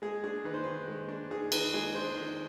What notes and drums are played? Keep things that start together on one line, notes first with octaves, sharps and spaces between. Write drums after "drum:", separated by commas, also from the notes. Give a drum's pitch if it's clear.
G#3 G#4
D4 G#4
D#3 B4
C5
D#3 B4
G#3
D4
D#3 G#4
D#3 B4, drum: cymbal
G#3 G#4
D4 C5
D#3